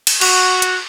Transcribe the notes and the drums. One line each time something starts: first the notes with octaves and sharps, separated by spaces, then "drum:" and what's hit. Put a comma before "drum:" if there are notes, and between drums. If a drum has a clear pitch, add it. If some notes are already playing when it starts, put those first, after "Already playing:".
drum: cymbal
F#4, drum: cymbal
drum: hi-hat